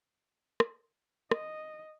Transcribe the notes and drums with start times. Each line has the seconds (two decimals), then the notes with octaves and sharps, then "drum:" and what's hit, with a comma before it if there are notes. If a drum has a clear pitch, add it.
0.60 drum: rim click
1.31 D#5, drum: rim click